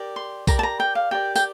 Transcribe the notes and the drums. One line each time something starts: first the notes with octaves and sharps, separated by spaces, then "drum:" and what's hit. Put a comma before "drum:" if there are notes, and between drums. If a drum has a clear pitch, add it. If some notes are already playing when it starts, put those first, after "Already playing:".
Already playing: G4 A#4 D5
C6
G4 A#4 D5 A#5, drum: kick B1, tambourine
A5
A#5
G5
F5
G4 A#4 D5 G5
G5, drum: tambourine